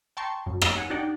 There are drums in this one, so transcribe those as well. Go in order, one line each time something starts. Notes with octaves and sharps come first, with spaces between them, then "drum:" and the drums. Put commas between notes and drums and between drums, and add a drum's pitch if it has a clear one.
G5 A5 A#5 C6 C#6
F#2
drum: rim click
F#5 G#5
D4 D#4 G4 D5 F#5 G5